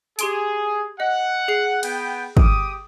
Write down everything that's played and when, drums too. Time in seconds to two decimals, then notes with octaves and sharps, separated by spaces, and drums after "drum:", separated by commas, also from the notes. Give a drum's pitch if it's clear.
0.19 G4 G#4 C6 D7, drum: hi-hat
1.00 D#5 F#5
1.48 G#4 C7
1.83 B3 G5, drum: cymbal
2.37 G4 D6 D#6, drum: kick